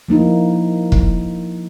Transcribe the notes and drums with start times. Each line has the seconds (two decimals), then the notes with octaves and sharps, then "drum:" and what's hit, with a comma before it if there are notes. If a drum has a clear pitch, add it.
0.08 F3 A#3 D#4 E4
0.92 drum: kick